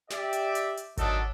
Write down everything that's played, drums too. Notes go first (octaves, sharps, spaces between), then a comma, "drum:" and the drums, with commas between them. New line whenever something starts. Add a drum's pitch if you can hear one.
G4 D5 E5, drum: snare
drum: hi-hat
drum: hi-hat
drum: hi-hat
D#3 F#3 A3 D4 A4 D#5, drum: kick G#1, hi-hat